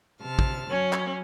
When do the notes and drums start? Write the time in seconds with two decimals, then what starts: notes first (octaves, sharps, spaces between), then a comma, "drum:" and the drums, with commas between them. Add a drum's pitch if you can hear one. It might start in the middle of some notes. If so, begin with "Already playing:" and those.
0.21 C3 A5 F6
0.39 drum: kick
0.71 F#3 C#4 C#5
0.93 drum: clap